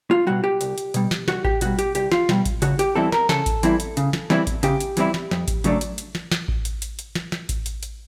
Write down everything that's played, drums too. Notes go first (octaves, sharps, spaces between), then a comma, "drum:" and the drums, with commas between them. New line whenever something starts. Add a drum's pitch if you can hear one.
F4
B2 G3 F#4
G4
C2, drum: hi-hat
drum: hi-hat
B2 G3, drum: hi-hat
drum: snare
C2 F#4, drum: snare
G4, drum: kick A1
B2 G3 F#4, drum: hi-hat
G4, drum: hi-hat
C2 G4, drum: hi-hat
F4, drum: snare
B2 G3, drum: snare
drum: kick A1, hi-hat
C#3 F#4, drum: hi-hat
G4, drum: hi-hat
E3 G3 C4 E4 A4
A#4, drum: snare
C#3 A4, drum: snare
drum: kick A1, hi-hat
E3 G3 C4 E4, drum: hi-hat
drum: hi-hat
C#3, drum: hi-hat
drum: snare
E3 G3 C4 E4, drum: snare
drum: kick A1, hi-hat
C#3 G4, drum: hi-hat
drum: hi-hat
E3 G3 C4 E4, drum: hi-hat
drum: snare
F2, drum: snare
drum: kick A1, hi-hat
C#3 F#3 A3 D4, drum: hi-hat
drum: hi-hat
drum: hi-hat
drum: snare
drum: snare
drum: kick A1
drum: hi-hat
drum: hi-hat
drum: hi-hat
drum: snare
drum: snare
drum: kick A1, hi-hat
drum: hi-hat
drum: hi-hat